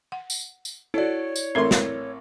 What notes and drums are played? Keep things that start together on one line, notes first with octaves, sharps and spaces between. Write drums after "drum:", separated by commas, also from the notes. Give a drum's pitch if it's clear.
F#5
drum: tambourine
drum: tambourine
E4 F#4 A4 C#5 D5
drum: tambourine
A1 A3 C4 A#4 C6
drum: snare